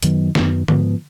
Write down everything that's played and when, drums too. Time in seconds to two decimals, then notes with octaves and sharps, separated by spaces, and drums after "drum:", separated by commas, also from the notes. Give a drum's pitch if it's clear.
0.02 F#2 D#3 F#3 B3, drum: hi-hat
0.35 F#2 D#3 F#3 B3, drum: snare
0.68 G#2 F3 B3, drum: tom D3